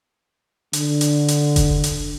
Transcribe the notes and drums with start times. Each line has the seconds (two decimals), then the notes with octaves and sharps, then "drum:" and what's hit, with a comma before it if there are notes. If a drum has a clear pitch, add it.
0.73 D3, drum: hi-hat
1.01 drum: hi-hat
1.28 drum: hi-hat
1.56 drum: kick F1, hi-hat
1.84 drum: hi-hat